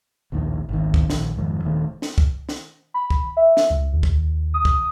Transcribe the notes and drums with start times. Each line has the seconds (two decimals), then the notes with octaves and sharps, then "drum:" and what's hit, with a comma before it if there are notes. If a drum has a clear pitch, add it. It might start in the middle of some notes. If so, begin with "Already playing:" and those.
0.32 A#1 D#2 A2 D#3
0.69 G#1 C#2 D#3
0.94 drum: kick
1.10 A#1 D#3, drum: snare
1.37 F2 G#2 D#3
1.64 D#1 D#3 A3
2.02 drum: snare
2.18 drum: kick
2.49 drum: snare
2.94 B5
3.10 drum: kick
3.37 E5
3.57 drum: snare
3.70 C#2
3.93 D#2
4.03 drum: kick
4.54 D#6
4.65 drum: kick